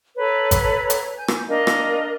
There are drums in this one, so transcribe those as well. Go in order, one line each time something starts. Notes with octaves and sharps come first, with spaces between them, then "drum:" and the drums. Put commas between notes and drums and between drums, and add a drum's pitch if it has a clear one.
A4 B4 C#5 A#5
drum: kick G#1, hi-hat
drum: hi-hat
G#5 G6
drum: rim click
D4 A#4 D#5 F5
drum: rim click